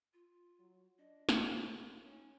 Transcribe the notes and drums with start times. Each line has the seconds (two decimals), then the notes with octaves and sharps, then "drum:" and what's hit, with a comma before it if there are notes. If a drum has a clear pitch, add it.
0.14 F4
0.59 F#3
0.99 D4 D#5
1.29 A#3, drum: snare
1.58 B3
2.03 C#4 D#4